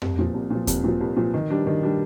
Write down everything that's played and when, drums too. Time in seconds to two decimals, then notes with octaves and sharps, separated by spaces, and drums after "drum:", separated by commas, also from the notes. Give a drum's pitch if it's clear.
0.02 C2, drum: tom F2
0.19 A#2 F3
0.34 C2
0.50 A#2 F3
0.67 C2, drum: kick D#2, hi-hat
0.84 A#2 F3
1.00 C2
1.17 A#2 F3
1.34 D#3
1.50 G3 D4
1.67 D#3
1.83 G3 D4